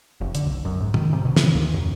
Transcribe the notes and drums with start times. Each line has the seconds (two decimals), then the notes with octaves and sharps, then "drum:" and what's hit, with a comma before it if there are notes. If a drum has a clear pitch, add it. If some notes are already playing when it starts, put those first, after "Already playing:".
0.21 F1
0.35 D3, drum: hi-hat
0.46 B1
0.65 F#2
0.81 G#2
0.94 D#3, drum: tom
1.13 C3
1.25 B2
1.36 E3, drum: snare
1.55 D#2
1.74 F#2